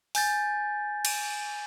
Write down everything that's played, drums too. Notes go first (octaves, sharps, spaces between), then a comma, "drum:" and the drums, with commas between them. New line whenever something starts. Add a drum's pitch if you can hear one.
G#5 G6 A6, drum: open hi-hat
drum: cymbal